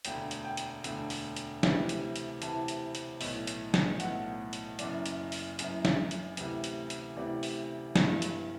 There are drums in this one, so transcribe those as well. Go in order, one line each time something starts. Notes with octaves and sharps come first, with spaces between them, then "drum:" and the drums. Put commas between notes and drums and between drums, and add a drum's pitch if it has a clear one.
E1 D2 D3 G5, drum: hi-hat
drum: hi-hat
G5
drum: hi-hat
E1 D2 D3, drum: hi-hat
drum: open hi-hat
drum: hi-hat
D2 C3 E3, drum: snare
drum: hi-hat
drum: hi-hat
D2 C3 E3 A5, drum: hi-hat
drum: hi-hat
drum: hi-hat
B1 A2 E3, drum: open hi-hat
drum: hi-hat
drum: snare
B1 A2 E3 F#5, drum: hi-hat
drum: hi-hat
F#1 F#2 E3 D5, drum: hi-hat
drum: hi-hat
drum: open hi-hat
F#1 F#2 E3, drum: hi-hat
drum: snare
drum: hi-hat
D2 C3 E3, drum: hi-hat
drum: hi-hat
drum: hi-hat
D2 C3 E3 D5
drum: open hi-hat
G1 G2 E3, drum: snare
drum: hi-hat